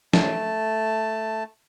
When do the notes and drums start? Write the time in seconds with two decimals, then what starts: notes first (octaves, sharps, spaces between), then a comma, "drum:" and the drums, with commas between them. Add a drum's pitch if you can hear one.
0.13 A3 A5, drum: snare